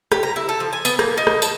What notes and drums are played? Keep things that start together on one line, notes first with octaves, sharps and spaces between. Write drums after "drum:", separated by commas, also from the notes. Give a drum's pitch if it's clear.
G4, drum: rim click
A#5
E4
A4
F3
G#5
B3, drum: tambourine
A#3, drum: rim click
D#4
drum: rim click
A5, drum: tambourine